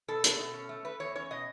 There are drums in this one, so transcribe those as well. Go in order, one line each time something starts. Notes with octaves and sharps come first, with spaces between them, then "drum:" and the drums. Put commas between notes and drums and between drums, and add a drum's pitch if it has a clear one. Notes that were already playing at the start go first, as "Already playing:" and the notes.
B2 A4
A3, drum: hi-hat
B2
C#4
A3
A3 B4
E2 C#5
C#4 C#5
B2 D#5